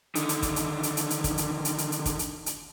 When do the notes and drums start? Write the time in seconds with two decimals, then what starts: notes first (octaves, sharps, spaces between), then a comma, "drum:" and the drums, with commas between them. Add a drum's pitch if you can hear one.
0.15 D3 D#3, drum: hi-hat
0.29 drum: hi-hat
0.43 drum: kick, hi-hat
0.56 drum: hi-hat
0.83 drum: hi-hat
0.97 drum: hi-hat
1.10 drum: hi-hat
1.24 drum: kick, hi-hat
1.38 drum: hi-hat
1.65 drum: hi-hat
1.78 drum: hi-hat
1.92 drum: hi-hat
2.06 drum: kick, hi-hat
2.19 drum: hi-hat
2.46 drum: hi-hat